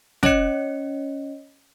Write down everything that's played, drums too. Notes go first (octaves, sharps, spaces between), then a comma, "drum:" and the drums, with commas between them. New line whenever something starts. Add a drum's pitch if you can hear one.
C#4 C#5 D#5 C#7, drum: snare